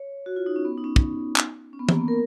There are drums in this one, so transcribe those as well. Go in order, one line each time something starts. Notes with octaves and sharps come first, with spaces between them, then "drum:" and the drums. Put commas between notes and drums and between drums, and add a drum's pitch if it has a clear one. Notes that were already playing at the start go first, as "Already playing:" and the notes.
Already playing: C#5
F#4
F4
D#4
C#4
B3
D#4
C#4
drum: kick
drum: clap
C#4
B3
A#3, drum: tom
B3
A#4